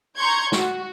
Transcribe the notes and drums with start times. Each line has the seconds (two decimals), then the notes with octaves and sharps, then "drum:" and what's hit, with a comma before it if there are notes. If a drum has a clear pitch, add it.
0.17 A#5 C6 C#6 G6 G#6
0.52 F#4, drum: snare